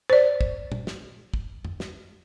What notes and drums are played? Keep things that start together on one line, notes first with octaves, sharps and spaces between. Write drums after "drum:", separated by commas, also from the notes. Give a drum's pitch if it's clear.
C5 D5
drum: kick
drum: tom
drum: snare
drum: kick
drum: tom F2
drum: snare